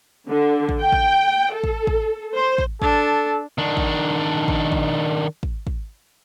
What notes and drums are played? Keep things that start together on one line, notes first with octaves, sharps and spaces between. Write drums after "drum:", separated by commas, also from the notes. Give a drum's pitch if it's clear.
D3
drum: kick
G5
drum: kick
A4
drum: kick
drum: kick
C5
drum: kick
D4 A4, drum: kick
D#3 D4
drum: kick
drum: kick
drum: kick
drum: kick
drum: kick